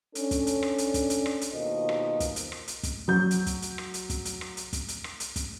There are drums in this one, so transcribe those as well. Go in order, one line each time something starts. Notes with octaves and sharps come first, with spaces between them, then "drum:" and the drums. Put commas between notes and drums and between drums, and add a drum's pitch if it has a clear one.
C#4 D4 A4, drum: hi-hat
drum: kick, hi-hat
drum: hi-hat
drum: rim click
drum: hi-hat
drum: kick, hi-hat
drum: hi-hat
drum: rim click
drum: hi-hat
D#2 B2 F4 A#4 C5 D#5
drum: rim click
drum: kick, hi-hat
drum: hi-hat
drum: rim click
drum: hi-hat
drum: kick, hi-hat
F#3 G6
drum: hi-hat
drum: kick, hi-hat
drum: hi-hat
drum: rim click
drum: hi-hat
drum: kick, hi-hat
drum: hi-hat
drum: rim click
drum: hi-hat
drum: kick, hi-hat
drum: hi-hat
drum: rim click
drum: hi-hat
drum: kick, hi-hat